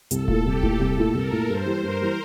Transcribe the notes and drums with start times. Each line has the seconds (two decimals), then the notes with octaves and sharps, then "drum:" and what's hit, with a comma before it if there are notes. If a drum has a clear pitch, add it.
0.11 C2 A4, drum: hi-hat
0.28 A#2 A3 E4, drum: kick D#1
0.45 C2 G4
0.63 A#2 A3 E4, drum: kick D#1
0.79 C2 A4
0.97 A#2 A3 E4
1.14 C2 A#4
1.32 A#2 A3 E4
1.49 G2 C5
1.66 E3 G3
1.83 G2 A#4
2.00 E3 G3